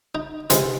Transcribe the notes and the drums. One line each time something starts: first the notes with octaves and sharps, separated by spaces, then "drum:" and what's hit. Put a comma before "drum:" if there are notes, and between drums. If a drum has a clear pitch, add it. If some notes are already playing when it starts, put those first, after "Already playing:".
D#4
C3 E3 G#3 F4, drum: hi-hat